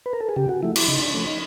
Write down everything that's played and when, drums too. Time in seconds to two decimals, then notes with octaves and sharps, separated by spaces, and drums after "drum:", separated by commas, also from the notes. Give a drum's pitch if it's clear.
0.06 B4
0.13 A#4
0.21 A4
0.29 G#4
0.36 C#3 G4
0.49 F#4
0.63 F3 A3 E4
0.76 E4, drum: cymbal
0.88 C#3 D#4
1.01 D4
1.14 F3 A3 C#4
1.27 D#4